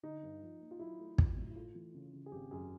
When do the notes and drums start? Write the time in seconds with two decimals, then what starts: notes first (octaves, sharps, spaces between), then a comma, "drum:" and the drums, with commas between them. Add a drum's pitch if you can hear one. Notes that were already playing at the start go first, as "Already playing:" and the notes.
0.03 D3 D#4
0.23 G2
0.42 F3
0.60 A#3
0.71 F4
0.79 F#3 E4
0.99 A3
1.18 F#3, drum: kick
1.37 A2
1.50 E4
1.56 A3 F4
1.75 E3
1.94 C#3
2.13 C#3
2.26 G#4
2.32 G#1 G4
2.51 F#2 G#4